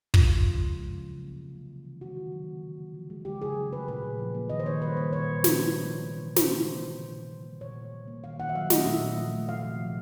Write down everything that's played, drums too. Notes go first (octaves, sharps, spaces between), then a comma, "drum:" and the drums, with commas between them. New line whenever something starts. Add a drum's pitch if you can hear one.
C#3 F4, drum: kick
C#3
F3
G#3
C#3
C#3
F#3
A#3
C3
C3
E3
G#3
D#3 F#4
D#3
F#3
A#3
D3
D3
F3
G#3
C#3 G4
C#3 G#4
F#3
A3 B4
A#2 B4
A#2
F3
A#3
D#3 D#5
C5
D#3 C#5
G3 B4
A#3 C5
A#2 C#5
A#2
F3, drum: snare
G#3
C3
C3
E3
G#3
C#3 C5, drum: snare
C#3
E3
A3
A#2
A#2
G3
A#3
A#2 C#5
A#2
G3
A#3
D#3 F5
D#3 F#5
E5
F#3 F5
A3 D#5, drum: snare
A#2 E5
A#2
F3
A3
C3 F5
C3
F3